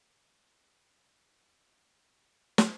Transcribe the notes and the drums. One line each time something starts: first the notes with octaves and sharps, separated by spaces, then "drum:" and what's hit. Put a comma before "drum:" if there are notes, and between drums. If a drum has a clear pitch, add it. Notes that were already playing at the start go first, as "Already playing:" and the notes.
A3 D5
G1 B4
G1 E4
G1 D4
A3 C4
A3
B2 C4
E4
B2
E4
B3
B2
drum: snare